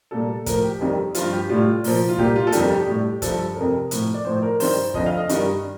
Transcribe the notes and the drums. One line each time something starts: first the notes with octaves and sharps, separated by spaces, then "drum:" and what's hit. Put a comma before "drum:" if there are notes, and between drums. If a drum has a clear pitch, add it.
A#2 G3 A4
A2 F3 A#4, drum: kick, hi-hat
G4
F2 D#3 G3 G4
G2 F3 F4, drum: hi-hat
G4
A2 G3 F4
A#2 F3, drum: open hi-hat
F4
A#2 G3 G4, drum: kick
F4
A4
F2 D#3 G3 G4, drum: hi-hat
G4
A2 G3
G2 F3 A4, drum: kick, hi-hat
A4
F2 C3 F3 A#4
A2 F3, drum: hi-hat
D5
A2 F3 C5
A#4
G2 D#3 G3 C5, drum: open hi-hat
F2 D3 F3 D#5, drum: kick
F5
D#5
G2 D#3 G3, drum: hi-hat